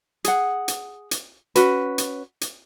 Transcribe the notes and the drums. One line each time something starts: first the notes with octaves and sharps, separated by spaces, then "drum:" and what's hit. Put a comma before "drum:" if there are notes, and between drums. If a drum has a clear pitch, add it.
G#4 F#5, drum: hi-hat
drum: hi-hat
drum: hi-hat
C#4 F#4 B4, drum: hi-hat
drum: hi-hat
drum: hi-hat